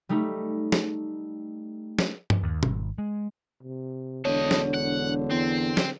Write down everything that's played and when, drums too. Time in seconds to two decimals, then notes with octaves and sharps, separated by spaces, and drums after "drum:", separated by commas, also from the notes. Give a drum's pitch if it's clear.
0.09 G3 A3 D#4
0.72 drum: snare
1.99 drum: snare
2.30 drum: tom G2
2.43 D#2
2.63 G#1, drum: tom
2.98 G#3
3.62 C3
4.25 E1 D3 A4 C#5 D#5
4.51 drum: snare
4.74 F#5
5.31 E2 C4
5.77 drum: snare